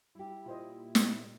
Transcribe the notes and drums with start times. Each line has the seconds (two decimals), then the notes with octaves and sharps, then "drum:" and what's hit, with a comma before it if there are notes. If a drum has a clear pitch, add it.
0.15 G3 E4 G4
0.46 A#2 F4 C5 D#5
0.95 drum: snare